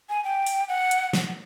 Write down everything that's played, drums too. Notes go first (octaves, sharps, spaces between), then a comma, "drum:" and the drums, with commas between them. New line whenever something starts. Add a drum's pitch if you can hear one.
G#5
G5
drum: open hi-hat
F#5
drum: hi-hat
drum: snare